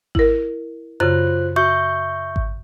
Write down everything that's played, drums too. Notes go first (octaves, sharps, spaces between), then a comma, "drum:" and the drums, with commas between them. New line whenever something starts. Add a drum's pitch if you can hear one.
E4 A#4, drum: kick G#1
F#2 C#3 F4 C5 F#6
F#4 E5 C#6 G6
drum: kick G#1